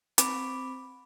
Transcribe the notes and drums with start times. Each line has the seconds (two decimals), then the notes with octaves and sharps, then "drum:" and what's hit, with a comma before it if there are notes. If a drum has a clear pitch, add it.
0.18 C4 B5 D6, drum: hi-hat